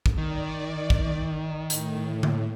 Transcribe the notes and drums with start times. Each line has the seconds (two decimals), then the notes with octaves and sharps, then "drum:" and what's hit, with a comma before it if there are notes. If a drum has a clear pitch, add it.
0.06 drum: kick
0.18 D#3 D5
0.90 drum: kick
1.70 A2, drum: hi-hat
2.23 drum: tom D3